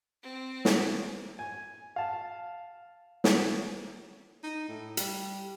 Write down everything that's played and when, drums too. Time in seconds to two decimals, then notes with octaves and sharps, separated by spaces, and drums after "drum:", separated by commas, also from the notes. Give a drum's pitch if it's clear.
0.23 C4
0.65 drum: snare
1.39 G#5
1.96 F5 A5
3.24 drum: snare
4.43 D#4
4.69 A2
4.97 G3, drum: hi-hat